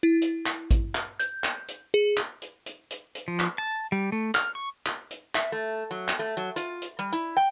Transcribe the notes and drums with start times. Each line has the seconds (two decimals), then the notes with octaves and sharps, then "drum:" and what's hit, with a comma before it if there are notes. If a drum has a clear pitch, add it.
0.03 E4
0.22 drum: hi-hat
0.46 drum: clap
0.71 drum: kick A1, hi-hat
0.95 drum: clap
1.19 G6, drum: hi-hat
1.44 drum: clap
1.68 drum: hi-hat
1.94 G#4
2.17 drum: clap
2.42 drum: hi-hat
2.66 drum: hi-hat
2.91 drum: hi-hat
3.15 drum: hi-hat
3.28 F3
3.39 drum: clap
3.58 A5
3.92 G3
4.12 A3
4.35 F6, drum: clap
4.55 C#6
4.86 drum: clap
5.11 drum: hi-hat
5.35 E5, drum: clap
5.52 A3
5.91 F#3
6.08 drum: clap
6.19 A3
6.37 F#3
6.56 F4, drum: hi-hat
6.82 drum: hi-hat
6.99 G3
7.12 E4
7.37 G5